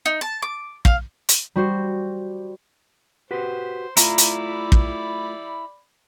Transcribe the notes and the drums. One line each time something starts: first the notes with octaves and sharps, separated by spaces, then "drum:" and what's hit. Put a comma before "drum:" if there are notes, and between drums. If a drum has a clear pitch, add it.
D#4
A5
D6
F5, drum: kick
drum: hi-hat
G3 F#4 C5
F#4 G4 B4 C5
A3 E4 F4 D5 A#5 B5, drum: hi-hat
drum: hi-hat
drum: kick